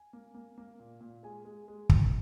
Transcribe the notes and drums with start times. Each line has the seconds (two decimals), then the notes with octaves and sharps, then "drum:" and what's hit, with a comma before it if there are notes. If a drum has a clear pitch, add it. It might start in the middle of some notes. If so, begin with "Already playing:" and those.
Already playing: G#5
0.13 A#3
0.34 A#3
0.58 A#3
0.80 A#2
1.01 A#2
1.23 G#3 G#5
1.45 G#3
1.68 G#3
1.89 D#3, drum: kick